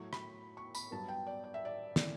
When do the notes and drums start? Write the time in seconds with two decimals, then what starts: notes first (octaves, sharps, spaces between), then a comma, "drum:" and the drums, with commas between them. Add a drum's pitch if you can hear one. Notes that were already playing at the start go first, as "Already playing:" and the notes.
Already playing: A2 F#3 A3 C#6
0.13 B5, drum: rim click
0.57 C#6
0.75 B5, drum: tambourine
0.91 G2 F#3 B3 A5
1.08 G5
1.27 D5
1.44 D5
1.54 E5
1.65 D5
1.96 E3 A3 D5, drum: snare